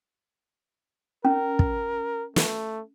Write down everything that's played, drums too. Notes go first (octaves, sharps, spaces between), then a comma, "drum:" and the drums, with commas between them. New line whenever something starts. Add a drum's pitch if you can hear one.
C#4 A#4
drum: kick
A3, drum: snare